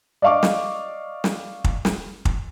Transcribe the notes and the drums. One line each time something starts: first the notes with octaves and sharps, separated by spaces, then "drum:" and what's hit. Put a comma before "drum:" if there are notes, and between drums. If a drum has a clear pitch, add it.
D5 D#5 F5 C#6 D6
drum: snare
drum: snare
drum: kick
drum: snare
drum: kick